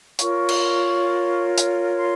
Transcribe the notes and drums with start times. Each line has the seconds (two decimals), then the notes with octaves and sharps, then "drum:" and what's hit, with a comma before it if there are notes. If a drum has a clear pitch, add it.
0.19 F4 A#4 C#5 C#6, drum: hi-hat
0.49 drum: cymbal
1.57 drum: hi-hat
1.97 C6